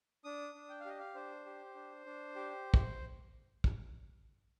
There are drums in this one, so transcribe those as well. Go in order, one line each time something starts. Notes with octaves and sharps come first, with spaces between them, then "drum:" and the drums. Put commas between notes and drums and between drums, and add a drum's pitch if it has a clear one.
D4 D#6
D4
G5
F5
G4 D#5
F5
D4 C5
G4
D4
D4
G4
drum: kick
drum: kick